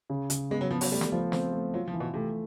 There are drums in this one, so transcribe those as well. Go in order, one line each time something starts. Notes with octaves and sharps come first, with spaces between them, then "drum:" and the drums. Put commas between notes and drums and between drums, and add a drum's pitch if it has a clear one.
C#3
C#3, drum: hi-hat
G#3 B3
F#3
F3 B3
F#3, drum: open hi-hat
G3 A3
drum: snare
F3
C4, drum: snare
A3
F#3 F4
F3
E3
B2
C3 A3